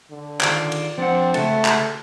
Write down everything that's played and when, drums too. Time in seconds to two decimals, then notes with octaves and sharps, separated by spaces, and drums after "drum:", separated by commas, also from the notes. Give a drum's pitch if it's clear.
0.11 D3
0.41 D#3 F4 D5, drum: clap
0.72 drum: cymbal
0.98 F3 C4 D4 F#5
1.34 C#3 A3 F#4 A4, drum: cymbal
1.65 drum: clap